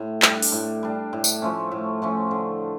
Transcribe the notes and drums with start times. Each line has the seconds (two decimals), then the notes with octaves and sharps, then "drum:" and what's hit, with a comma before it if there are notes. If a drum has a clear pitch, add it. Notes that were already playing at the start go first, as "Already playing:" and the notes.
Already playing: A2
0.22 G3 D4, drum: clap
0.42 drum: open hi-hat
0.52 A2
0.83 G3 D4
1.13 A2
1.24 drum: tambourine
1.42 F3 A3 C#4
1.71 A2
2.02 F3 A3 C#4
2.31 D3